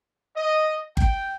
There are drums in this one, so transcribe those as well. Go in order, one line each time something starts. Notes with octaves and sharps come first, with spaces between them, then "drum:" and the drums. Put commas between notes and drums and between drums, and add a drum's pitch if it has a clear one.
D#5
G5, drum: kick G1